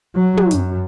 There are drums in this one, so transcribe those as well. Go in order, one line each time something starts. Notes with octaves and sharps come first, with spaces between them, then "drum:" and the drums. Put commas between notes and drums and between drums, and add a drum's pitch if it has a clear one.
F#3
drum: tom
F#2, drum: hi-hat